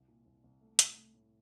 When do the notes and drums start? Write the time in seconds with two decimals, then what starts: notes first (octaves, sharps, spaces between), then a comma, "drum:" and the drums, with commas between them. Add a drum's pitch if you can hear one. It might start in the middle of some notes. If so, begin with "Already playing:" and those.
Already playing: C2
0.08 A#2
0.26 C2
0.44 C2
0.61 A3
0.79 A2, drum: hi-hat
0.97 A2
1.15 A2